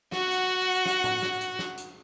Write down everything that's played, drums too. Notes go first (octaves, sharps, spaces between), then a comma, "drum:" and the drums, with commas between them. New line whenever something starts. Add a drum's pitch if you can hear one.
F#4 F#5, drum: snare
drum: hi-hat
drum: snare
drum: tom
drum: snare
drum: hi-hat
drum: snare
drum: hi-hat